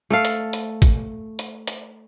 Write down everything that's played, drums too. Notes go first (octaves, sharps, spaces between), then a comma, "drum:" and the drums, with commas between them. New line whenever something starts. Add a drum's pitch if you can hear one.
A3 A4 F5
drum: hi-hat
drum: hi-hat
drum: kick A1, hi-hat
drum: hi-hat
drum: hi-hat